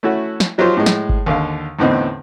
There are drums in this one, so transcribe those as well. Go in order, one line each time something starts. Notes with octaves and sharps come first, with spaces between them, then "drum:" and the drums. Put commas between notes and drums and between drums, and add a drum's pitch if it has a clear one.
A3 C#4 E4 F#4
drum: snare
F3 F#3 D#4 F4 G4 C5
A2 G#3
drum: snare
drum: kick G1
D#2 D3 F5
E2 A2 D3 B3 C4 D#4